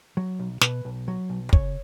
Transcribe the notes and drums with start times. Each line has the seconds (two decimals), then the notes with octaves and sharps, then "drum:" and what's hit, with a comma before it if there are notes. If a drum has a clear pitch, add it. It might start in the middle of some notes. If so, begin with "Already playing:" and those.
0.17 F#3
0.39 B1
0.61 B2 B4, drum: snare
0.85 B1
1.08 F#3
1.30 B1
1.53 C#3 C#5, drum: kick